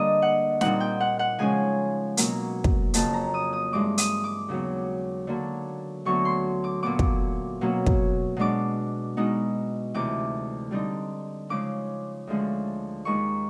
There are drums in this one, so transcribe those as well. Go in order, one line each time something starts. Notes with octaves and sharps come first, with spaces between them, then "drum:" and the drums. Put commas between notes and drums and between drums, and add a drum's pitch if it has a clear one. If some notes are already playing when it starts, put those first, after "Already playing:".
Already playing: D3 G3 A#3 D4 D#5
F#5
A#2 G3 C4 D#4 F#5, drum: snare
G5
F#5
F#5
C#3 F3 G#3 C#4 G#5
B2 F#3 A#3, drum: hi-hat
drum: kick
F2 C#3 F#3 A#3 A5, drum: hi-hat
A#5
D#6
D#6
G2 E3 G#3 C4 D6
D#6, drum: hi-hat
D6
D#2 C#3 F#3 B3
D3 F#3 A#3 D4
D2 D3 F#3 B3 C#6
C6
D6
A#2 F#3 B3 D6
drum: kick
B2 F#3 A#3 C#4
drum: kick
B2 G#3 B3 D4 D6
B2 G#3 B3 D#4
D2 C3 E3 D6
D3 G3 C4 D#4
C#3 F3 G#3 C#4 D6
D2 D3 F3 G#3 C#4
D#2 D#3 G#3 C#6